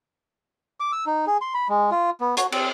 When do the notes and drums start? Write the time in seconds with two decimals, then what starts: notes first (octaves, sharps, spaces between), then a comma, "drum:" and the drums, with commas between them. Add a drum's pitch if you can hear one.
0.80 D6
0.92 E6
1.06 D#4
1.27 G#4
1.41 C6
1.54 B5
1.69 G#3
1.91 F4
2.21 B3
2.37 F#4, drum: hi-hat
2.52 C4, drum: cymbal